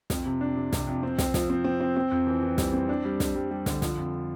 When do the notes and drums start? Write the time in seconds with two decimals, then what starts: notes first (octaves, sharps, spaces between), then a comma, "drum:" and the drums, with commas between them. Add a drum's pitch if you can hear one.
0.10 F2, drum: snare
0.26 C3
0.41 D4
0.57 C3
0.72 C3, drum: snare
0.87 F2
1.03 C4
1.18 C4, drum: snare
1.34 F3, drum: snare
1.50 C4
1.64 C4
1.81 C4
1.97 C4
2.11 F2
2.27 E3
2.43 E3
2.58 G3, drum: snare
2.73 C4
2.89 D4
3.05 G3
3.20 D4, drum: snare
3.35 G3
3.51 G3
3.66 D3, drum: snare
3.82 F3, drum: snare
3.97 F2